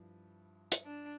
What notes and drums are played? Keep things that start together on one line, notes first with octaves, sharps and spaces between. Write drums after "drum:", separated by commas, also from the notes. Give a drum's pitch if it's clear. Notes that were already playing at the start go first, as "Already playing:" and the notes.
Already playing: G2 F3 E4
drum: hi-hat
D4